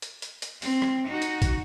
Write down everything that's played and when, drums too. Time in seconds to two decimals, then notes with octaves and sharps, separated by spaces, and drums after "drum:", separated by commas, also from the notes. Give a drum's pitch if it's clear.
0.02 drum: hi-hat
0.22 drum: hi-hat
0.42 drum: hi-hat
0.62 C4, drum: open hi-hat
0.82 drum: rim click
1.07 D#4 F#4
1.22 drum: hi-hat
1.42 drum: kick, hi-hat